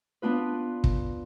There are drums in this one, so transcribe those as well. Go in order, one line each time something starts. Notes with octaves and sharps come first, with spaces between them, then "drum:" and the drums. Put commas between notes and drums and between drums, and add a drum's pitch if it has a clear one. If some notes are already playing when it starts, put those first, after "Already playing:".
B3 D4 F4 B4
drum: kick